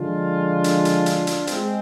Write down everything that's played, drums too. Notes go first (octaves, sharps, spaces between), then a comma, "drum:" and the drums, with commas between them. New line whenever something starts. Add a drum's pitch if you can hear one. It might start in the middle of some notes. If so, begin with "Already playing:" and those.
Already playing: D3 F3 G#3 D4 F4
drum: hi-hat
drum: hi-hat
drum: hi-hat
drum: hi-hat
G#3 C4, drum: hi-hat